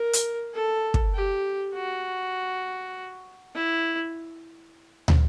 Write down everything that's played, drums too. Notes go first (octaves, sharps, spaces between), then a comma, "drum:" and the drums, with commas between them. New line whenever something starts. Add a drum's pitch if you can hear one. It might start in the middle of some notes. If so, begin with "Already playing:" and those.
Already playing: A#4
drum: hi-hat
A4
drum: kick
G4
F#4
E4
drum: tom